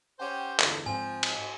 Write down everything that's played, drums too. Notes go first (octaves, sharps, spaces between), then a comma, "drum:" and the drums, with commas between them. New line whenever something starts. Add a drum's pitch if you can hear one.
C#4 G4 C5 C#5 F#5 G5
E2 G2 D3 F4, drum: clap
G#2 F3 C4 G#5
drum: cymbal